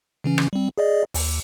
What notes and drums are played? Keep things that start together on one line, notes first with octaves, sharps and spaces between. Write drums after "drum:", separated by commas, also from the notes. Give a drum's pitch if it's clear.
C#3 E3 C#4
drum: rim click
G3 C4
G#4 D5 D#5
D#2, drum: open hi-hat